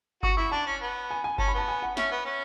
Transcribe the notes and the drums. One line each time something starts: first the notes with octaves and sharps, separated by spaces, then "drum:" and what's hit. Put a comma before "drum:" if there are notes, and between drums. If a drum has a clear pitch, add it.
F#4 C#6, drum: kick G1
E4 C#6
D4 A5
C#4
B3
G#5
G#5
C#4 A5, drum: kick G1
B5
B3 A5
G#5
F#5
C#4 E5, drum: snare
B3
C#4